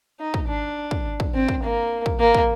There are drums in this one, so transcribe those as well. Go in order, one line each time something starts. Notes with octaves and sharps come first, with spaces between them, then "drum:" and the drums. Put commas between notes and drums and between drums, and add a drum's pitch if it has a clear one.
D#4
drum: kick
D4
drum: kick
drum: kick
C4
drum: kick
A#3
drum: kick
A#3
drum: kick